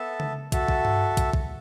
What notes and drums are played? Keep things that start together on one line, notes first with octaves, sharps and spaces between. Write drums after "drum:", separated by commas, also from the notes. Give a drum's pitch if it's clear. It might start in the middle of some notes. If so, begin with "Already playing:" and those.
Already playing: B3 A4 E5 A5
drum: tom C#3
F#4 A4 E5 A5, drum: kick, hi-hat
drum: kick
drum: tom G2
drum: kick, hi-hat
drum: kick